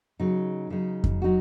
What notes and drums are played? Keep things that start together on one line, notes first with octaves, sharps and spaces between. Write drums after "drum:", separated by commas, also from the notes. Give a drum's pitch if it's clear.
C#3 F#3 D#4
C#3 F#3 D#4
drum: kick F2
F#3 D#4 F#4